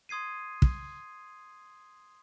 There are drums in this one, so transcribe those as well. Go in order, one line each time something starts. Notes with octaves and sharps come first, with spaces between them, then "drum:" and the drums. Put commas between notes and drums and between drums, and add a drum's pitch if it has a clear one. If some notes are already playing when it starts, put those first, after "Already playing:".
C6 D#6 G#6 C7 D#7
drum: kick